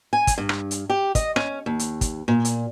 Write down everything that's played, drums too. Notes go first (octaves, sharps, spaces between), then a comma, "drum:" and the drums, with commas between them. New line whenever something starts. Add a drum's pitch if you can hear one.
G#5
drum: kick, hi-hat
G2
drum: rim click
drum: hi-hat
G4
D#5, drum: kick, hi-hat
C#4, drum: rim click
D#2
drum: hi-hat
drum: kick, hi-hat
A#2
drum: hi-hat